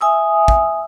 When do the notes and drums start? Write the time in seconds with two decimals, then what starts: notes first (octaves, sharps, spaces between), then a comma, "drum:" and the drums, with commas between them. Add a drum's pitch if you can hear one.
0.01 E5 G#5 D#6 E6
0.48 drum: kick